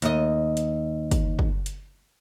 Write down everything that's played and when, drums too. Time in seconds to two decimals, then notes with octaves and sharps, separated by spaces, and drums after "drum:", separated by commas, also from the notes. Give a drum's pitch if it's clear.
0.02 D#2 D#5, drum: hi-hat
0.57 drum: hi-hat
1.11 drum: kick, hi-hat
1.39 drum: kick
1.66 drum: hi-hat